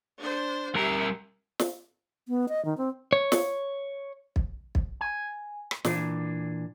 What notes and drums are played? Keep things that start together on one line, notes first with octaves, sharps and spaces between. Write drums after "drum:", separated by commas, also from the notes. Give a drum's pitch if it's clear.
D4 C5
G3 G4 A#4 E5 A#5
drum: snare
B3
D#5
D#3
C4
C#5
drum: snare
drum: kick
drum: kick
G#5
drum: rim click
A#2 E3 D4, drum: snare